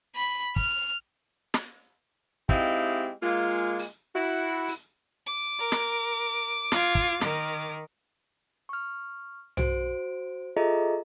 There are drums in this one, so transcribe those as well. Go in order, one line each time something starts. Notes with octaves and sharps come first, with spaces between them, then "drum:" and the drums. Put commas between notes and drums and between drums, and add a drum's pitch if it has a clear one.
B5
F6, drum: kick
drum: snare
G#3 C4 D#4 E4 G4 F5, drum: kick
G#3 A#3 F4
drum: open hi-hat
E4 F#4
drum: open hi-hat
D6
A#4
drum: snare
F4 G#6, drum: snare
drum: kick
D#3 A#4, drum: snare
C#6 F6
F#4 C5 D7, drum: tom B1
F4 G#4 A4 D#5 E5 A#5